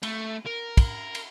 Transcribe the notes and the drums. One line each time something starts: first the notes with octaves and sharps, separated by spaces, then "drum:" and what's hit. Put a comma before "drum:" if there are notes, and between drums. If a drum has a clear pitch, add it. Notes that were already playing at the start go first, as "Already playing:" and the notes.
A3, drum: cymbal
A#4
drum: kick, cymbal
drum: cymbal